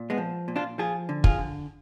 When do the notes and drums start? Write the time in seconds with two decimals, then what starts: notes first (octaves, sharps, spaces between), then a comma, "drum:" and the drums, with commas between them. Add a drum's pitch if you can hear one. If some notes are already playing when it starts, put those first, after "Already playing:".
Already playing: A#2
0.10 G#3 B3
0.17 F3
0.48 A#2
0.56 D4 F4
0.78 F3 F4 G#4
1.09 D3
1.24 F4 G#4, drum: kick
1.39 D3